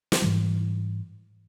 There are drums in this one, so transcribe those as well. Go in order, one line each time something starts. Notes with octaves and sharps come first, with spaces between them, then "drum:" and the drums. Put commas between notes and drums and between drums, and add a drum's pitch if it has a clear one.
drum: snare
G#2 E3 G3